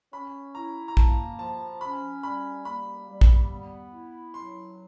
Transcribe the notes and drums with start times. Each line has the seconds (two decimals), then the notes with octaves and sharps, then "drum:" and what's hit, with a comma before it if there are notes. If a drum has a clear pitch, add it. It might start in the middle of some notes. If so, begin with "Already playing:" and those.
0.13 C#4 B5
0.55 E4 A#5
0.88 A#5
0.97 A#3 A5, drum: kick
1.39 F3 A5
1.81 C#4 B5
2.23 G3 B5
2.65 A#3 B5
3.08 G3
3.21 drum: kick
3.49 B3
3.91 E4
4.34 F#3 C6